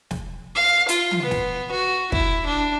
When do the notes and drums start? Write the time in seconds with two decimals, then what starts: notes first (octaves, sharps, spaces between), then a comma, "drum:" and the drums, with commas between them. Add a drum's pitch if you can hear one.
0.11 drum: snare
0.55 F5
0.89 F4, drum: hi-hat
1.11 drum: tom
1.22 B3
1.31 drum: snare
1.71 F#4
2.12 E4, drum: kick
2.46 D4